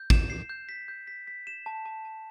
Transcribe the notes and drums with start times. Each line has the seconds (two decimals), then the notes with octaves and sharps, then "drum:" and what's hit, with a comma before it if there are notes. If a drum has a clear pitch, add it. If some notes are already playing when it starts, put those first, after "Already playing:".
Already playing: G6
0.10 E7, drum: kick
0.30 C7
0.49 G6
0.69 B6
0.88 G6
1.07 B6
1.27 B6
1.47 E7
1.66 A5
1.86 A5
2.05 A5